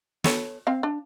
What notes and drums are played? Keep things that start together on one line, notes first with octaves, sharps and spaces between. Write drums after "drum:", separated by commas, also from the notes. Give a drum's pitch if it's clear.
B3 A4 C#5, drum: snare
C4 F5
D4